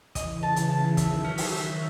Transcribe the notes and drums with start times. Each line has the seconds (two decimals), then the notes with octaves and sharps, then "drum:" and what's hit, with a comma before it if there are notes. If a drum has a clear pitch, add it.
0.15 C#3 E3 D#5, drum: kick, hi-hat
0.43 A5
0.56 drum: hi-hat
0.70 A5
0.97 D#3 F#3 E5, drum: kick, hi-hat
1.24 C#4
1.38 drum: open hi-hat
1.51 E5